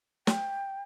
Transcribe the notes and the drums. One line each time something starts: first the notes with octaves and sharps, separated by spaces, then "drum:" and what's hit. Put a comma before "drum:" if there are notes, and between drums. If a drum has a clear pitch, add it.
G5, drum: snare